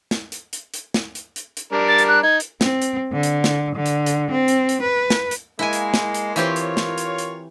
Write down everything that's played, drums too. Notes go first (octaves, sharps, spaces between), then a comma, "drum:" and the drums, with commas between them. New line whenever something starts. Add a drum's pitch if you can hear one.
drum: snare
drum: hi-hat
drum: hi-hat
drum: hi-hat
drum: snare
drum: hi-hat
drum: hi-hat
drum: hi-hat
G3 D4 A#4
A6
drum: hi-hat
F#6
D#4 G#6
drum: hi-hat
C4, drum: snare
drum: hi-hat
D3
drum: hi-hat
drum: snare
D3
drum: hi-hat
drum: hi-hat
C4
drum: hi-hat
drum: hi-hat
B4
drum: snare
drum: hi-hat
G#3 A#3 E4 G#5
drum: hi-hat
drum: snare
drum: hi-hat
E3 C4 F4 G4 A#4 C#5, drum: hi-hat
drum: hi-hat
drum: snare
drum: hi-hat
drum: hi-hat